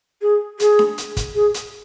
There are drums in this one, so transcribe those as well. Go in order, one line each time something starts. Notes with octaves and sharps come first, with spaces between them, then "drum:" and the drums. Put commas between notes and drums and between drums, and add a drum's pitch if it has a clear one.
G#4
G#4, drum: hi-hat
drum: snare D4
drum: hi-hat
drum: kick, hi-hat
G#4
drum: hi-hat